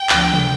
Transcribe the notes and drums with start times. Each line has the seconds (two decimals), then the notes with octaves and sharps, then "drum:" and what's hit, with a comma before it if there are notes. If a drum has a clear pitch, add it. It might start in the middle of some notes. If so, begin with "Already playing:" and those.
Already playing: G5
0.09 D2 D3 F3 B3, drum: clap
0.33 drum: tom C3